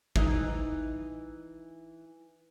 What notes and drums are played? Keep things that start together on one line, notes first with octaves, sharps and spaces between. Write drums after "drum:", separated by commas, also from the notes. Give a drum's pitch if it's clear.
E3 D#4, drum: kick G#1